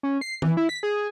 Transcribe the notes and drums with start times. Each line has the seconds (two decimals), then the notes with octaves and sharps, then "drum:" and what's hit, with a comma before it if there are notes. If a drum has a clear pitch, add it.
0.03 C#4
0.21 C7
0.42 E3, drum: tom D#3
0.57 E4
0.69 B6
0.83 G#4